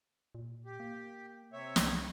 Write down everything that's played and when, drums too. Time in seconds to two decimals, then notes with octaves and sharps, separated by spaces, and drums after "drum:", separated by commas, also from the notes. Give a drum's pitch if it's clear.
0.35 A#2
0.65 G4
0.80 A#3
1.53 C3 C#5 E5
1.76 C2, drum: snare